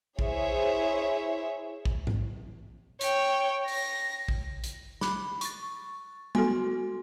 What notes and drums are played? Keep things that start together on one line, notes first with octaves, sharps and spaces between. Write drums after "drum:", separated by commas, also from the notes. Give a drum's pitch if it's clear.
E4 G#4 C5 C#5 E5, drum: kick A1
drum: kick A1
drum: tom G#2
C#5 G5, drum: hi-hat
A#6, drum: open hi-hat
drum: kick A1
drum: hi-hat
B5 D6 F#6, drum: snare
C#6 A6, drum: hi-hat
B3 F#4 A4 C6, drum: tom